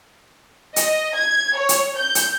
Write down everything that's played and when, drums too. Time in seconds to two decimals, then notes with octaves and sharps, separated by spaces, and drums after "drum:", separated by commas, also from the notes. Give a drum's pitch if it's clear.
0.76 D#5, drum: hi-hat
1.15 G#6
1.56 C#5
1.69 drum: hi-hat
1.98 G6
2.15 drum: hi-hat